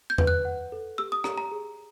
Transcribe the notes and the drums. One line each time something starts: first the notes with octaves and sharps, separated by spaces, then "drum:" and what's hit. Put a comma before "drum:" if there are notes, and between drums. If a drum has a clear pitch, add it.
G6
B4, drum: tom E2
F#6
F#5
A4
G4 E6
D#6
G4 A#5, drum: rim click
A#5
G#4